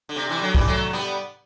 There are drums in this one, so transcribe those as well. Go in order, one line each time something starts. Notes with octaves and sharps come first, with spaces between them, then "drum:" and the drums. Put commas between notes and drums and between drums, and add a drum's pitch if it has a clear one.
D3
C3
C3 E3
D3 F#3
E3 G3, drum: kick
F#3 A3
G3 B3